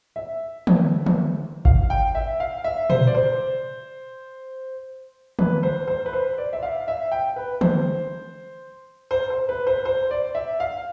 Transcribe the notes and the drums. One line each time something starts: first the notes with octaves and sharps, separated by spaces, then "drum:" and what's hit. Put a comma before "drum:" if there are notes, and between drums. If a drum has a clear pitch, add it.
E5
drum: tom
drum: tom
F5, drum: kick G#1
G5
E5
F5
E5
C5, drum: tom A#2
D5
C5
B4, drum: tom
C5
C5
B4
C5
D5
E5
F5
E5
G5
B4
C5, drum: tom
C5
C5
B4
C5
C5
D5
E5
F5